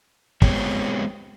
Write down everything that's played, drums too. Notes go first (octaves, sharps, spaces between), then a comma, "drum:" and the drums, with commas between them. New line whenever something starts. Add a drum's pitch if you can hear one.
G#3 B3 C4 G4 G#4 C#5, drum: kick